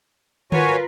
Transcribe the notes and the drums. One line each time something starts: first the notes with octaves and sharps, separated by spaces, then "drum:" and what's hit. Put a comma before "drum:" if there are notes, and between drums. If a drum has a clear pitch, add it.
F4 F#4 A#4 B4 C#5 G#5, drum: tom D3